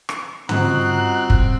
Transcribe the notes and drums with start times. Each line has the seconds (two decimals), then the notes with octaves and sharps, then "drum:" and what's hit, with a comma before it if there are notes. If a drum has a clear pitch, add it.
0.09 drum: rim click
0.49 G3 C4 C#4 F4 F#4 D#5 A#5 F#6, drum: tom
1.30 drum: kick